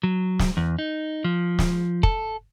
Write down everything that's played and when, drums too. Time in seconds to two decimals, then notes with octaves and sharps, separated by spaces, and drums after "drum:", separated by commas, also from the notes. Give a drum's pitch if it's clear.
0.03 F#3
0.39 drum: snare
0.57 E2
0.79 D#4
1.24 F3
1.59 drum: snare
2.03 A4, drum: kick